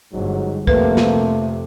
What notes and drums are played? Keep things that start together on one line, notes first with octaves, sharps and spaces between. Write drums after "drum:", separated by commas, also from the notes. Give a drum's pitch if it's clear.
G1 G#2 F#3
F2 C3 A3 A#3 B4, drum: kick
drum: snare